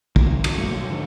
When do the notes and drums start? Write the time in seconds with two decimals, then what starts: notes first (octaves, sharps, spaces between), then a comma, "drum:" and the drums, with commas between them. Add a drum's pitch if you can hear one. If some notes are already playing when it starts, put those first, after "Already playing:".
0.16 D2 A#2, drum: kick
0.28 C3 D#3
0.44 D1 A1 D#3, drum: cymbal
0.58 G2 A#2 A3
0.73 B1
0.89 G#2 D3 F3